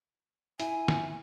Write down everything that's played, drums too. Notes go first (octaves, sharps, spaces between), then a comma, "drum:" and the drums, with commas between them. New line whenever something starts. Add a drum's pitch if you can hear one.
E4 G#5, drum: hi-hat
drum: snare